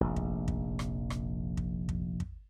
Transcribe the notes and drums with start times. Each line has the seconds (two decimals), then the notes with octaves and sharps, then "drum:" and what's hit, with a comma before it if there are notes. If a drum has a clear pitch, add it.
0.01 F1 A#1
0.16 drum: kick
0.48 drum: kick
0.79 drum: rim click
1.10 drum: rim click
1.57 drum: kick
1.89 drum: kick
2.20 drum: kick